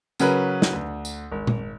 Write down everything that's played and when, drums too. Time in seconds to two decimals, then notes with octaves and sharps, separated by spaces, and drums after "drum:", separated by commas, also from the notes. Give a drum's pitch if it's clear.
0.20 C#3 F#3 C#4 A#4 B4, drum: tambourine
0.62 drum: snare
0.73 D2
1.05 drum: tambourine
1.32 G#1
1.47 drum: tom A#2